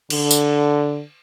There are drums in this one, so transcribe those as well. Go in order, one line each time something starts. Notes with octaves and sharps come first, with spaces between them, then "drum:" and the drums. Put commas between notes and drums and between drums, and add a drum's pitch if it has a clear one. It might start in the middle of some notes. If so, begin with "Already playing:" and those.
D3, drum: cymbal
drum: tambourine